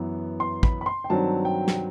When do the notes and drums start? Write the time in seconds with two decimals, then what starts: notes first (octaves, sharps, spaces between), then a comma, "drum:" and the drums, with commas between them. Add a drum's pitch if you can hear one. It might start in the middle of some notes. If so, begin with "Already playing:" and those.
Already playing: F#2 E3 B3
0.40 C6
0.63 B5, drum: kick
0.81 B5
0.86 C6
1.04 G5
1.10 G2 D#3 F#3 C4 A5
1.45 G5
1.68 drum: snare